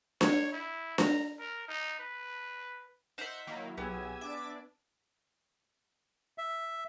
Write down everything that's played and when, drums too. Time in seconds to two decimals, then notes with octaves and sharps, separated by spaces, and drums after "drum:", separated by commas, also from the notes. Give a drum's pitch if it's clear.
0.21 C#5, drum: snare D4
0.52 E4
0.98 A#5, drum: snare D4
1.39 A#4
1.68 D#4
1.99 B4
3.18 D#4 C5 E5 F#5
3.47 D#3 F#3 A#3 E4
3.77 B1 B3 G4 G#4 G#5 E6 G#6
4.21 D4 D5 E5 D6
6.38 E5